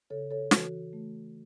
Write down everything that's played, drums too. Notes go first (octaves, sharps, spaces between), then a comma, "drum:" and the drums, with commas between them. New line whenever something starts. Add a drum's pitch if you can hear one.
C#3 A4 C#5
A4 C#5
E3 F#4, drum: snare
A3